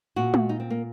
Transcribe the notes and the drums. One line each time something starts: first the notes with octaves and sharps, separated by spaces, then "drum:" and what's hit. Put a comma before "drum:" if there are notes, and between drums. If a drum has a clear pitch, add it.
A#2 F#4
drum: tom G#3
D#4
C4
A#3